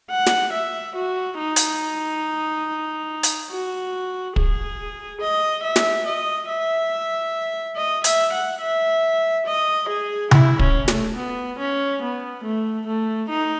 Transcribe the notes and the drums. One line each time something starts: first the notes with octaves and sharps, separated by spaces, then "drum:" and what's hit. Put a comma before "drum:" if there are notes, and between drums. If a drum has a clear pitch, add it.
F#5
drum: snare
E5
F#4
D#4
drum: hi-hat
drum: hi-hat
F#4
G#4, drum: kick
D#5
E5
drum: snare
D#5
E5
D#5
E5, drum: hi-hat
F#5
E5
D#5
G#4
E4, drum: tom C3
C#4, drum: kick
A3, drum: snare
B3
C#4
B3
A3
A3
D#4